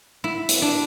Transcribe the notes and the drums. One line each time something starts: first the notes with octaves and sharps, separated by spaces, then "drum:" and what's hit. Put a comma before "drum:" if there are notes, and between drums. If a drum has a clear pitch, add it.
E4
drum: hi-hat
D4